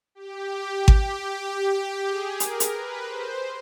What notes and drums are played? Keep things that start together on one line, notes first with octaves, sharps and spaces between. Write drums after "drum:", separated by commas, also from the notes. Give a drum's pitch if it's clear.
G4
drum: kick G#1
G#4
A#4, drum: hi-hat
drum: hi-hat
B4
C5